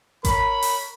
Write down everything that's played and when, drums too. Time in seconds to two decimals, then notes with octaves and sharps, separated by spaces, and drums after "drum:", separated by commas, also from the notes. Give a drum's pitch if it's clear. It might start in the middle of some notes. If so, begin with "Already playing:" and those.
0.25 A#4 C#5 B5, drum: kick A1, hi-hat
0.62 drum: open hi-hat